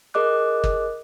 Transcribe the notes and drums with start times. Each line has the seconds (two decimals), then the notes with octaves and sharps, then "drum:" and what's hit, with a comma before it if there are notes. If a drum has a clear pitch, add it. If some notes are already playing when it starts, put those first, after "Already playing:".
0.14 G#4 A#4 D#5 D6 F#6
0.64 drum: kick